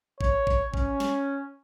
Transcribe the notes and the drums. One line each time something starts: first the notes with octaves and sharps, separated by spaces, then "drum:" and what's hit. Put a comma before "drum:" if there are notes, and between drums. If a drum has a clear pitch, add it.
C#5, drum: kick G#1
drum: kick G#1
C#4, drum: kick G#1
drum: snare